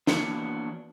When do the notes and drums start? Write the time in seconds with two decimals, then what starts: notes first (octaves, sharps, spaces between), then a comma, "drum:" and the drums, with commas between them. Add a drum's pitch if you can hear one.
0.07 E3 A#3 B3 D4 F#4 C#5, drum: snare